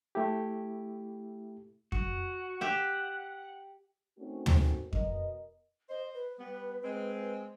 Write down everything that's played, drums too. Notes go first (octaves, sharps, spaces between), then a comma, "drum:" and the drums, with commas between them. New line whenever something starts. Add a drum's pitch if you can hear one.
A3 E4 G4
F#4, drum: kick F2
G4 E5 F#5
A3 C4 C#4 D#4 F#4 A#4
drum: tom
B2 B3 A#4 D#5, drum: kick F2
C5 D#5
B4
G3 B3
G#3 C4